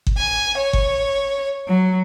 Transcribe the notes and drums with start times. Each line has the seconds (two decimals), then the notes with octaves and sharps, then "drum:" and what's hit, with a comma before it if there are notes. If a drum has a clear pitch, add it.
0.07 drum: kick G1
0.16 G#5
0.57 C#5
0.73 drum: kick G1
1.66 F#3